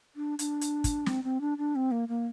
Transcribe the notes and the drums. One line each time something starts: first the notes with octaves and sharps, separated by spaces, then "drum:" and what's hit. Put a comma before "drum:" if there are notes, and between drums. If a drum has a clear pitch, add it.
D4
D4, drum: hi-hat
drum: hi-hat
drum: kick, hi-hat
C4, drum: snare
C4
D4
D4
C4
A#3
A#3